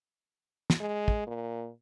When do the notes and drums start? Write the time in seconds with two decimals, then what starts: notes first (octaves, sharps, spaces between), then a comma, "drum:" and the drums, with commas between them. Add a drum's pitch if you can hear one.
0.70 drum: snare
0.80 G#3
1.08 drum: kick
1.27 A#2